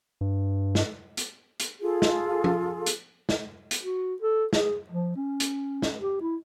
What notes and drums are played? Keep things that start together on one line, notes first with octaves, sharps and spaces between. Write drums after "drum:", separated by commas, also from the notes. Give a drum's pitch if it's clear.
G2
drum: snare
drum: hi-hat
drum: hi-hat
F4 G#4 A4
drum: snare
drum: tom F3
drum: hi-hat
drum: snare
drum: hi-hat
F#4
A4
G#4, drum: snare
F3
C#4
drum: hi-hat
drum: snare
G4
E4